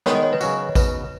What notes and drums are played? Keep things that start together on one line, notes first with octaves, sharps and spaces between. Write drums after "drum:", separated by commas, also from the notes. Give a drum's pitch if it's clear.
D#3 G#3 B3 C#5, drum: snare
D#5
C#5
B4
C#3 F#3 C#4 F#4, drum: tambourine
C#3 B3 D#4 F#4 B4, drum: kick, tambourine